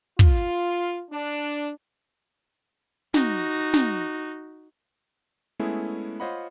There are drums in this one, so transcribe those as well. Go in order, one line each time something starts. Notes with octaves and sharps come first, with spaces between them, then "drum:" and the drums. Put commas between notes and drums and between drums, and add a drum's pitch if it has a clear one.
F4, drum: kick
D4
D#4 F#4, drum: snare
drum: snare
G#3 A3 B3 C#4 E4 G#4
F4 C5 C#5 D#5 F#5 B5